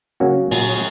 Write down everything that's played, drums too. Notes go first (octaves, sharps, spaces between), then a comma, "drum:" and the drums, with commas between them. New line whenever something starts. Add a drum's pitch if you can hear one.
C#3 F#3 A#3 C#4 F#4
A#2 F#3 A#3, drum: cymbal